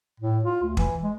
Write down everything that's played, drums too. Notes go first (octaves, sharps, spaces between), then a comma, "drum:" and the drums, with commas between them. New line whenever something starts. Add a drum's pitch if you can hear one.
A2
F4
D2
E3, drum: kick
G#3